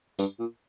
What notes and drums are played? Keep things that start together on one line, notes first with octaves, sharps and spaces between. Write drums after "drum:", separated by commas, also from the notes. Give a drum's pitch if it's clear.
G2, drum: tambourine
A#2